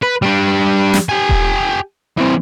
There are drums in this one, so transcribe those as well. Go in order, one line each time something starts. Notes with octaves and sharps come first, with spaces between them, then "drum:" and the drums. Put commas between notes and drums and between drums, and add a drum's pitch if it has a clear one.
B4
G3 D4
drum: snare
G4 G#5
drum: kick D#1
E3 C4